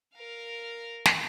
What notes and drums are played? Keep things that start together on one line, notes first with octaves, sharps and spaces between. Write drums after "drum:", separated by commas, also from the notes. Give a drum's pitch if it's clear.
A#4 F5
drum: snare